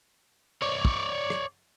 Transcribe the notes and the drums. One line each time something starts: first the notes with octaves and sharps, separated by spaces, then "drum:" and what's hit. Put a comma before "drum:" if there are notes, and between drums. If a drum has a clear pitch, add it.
C#5 D5
drum: kick
drum: rim click